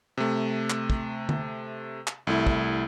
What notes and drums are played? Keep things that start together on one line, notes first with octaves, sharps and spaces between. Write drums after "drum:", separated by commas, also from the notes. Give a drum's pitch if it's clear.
C3 A3
drum: clap
drum: kick
drum: tom D3
drum: clap
C2 A3 E4
drum: kick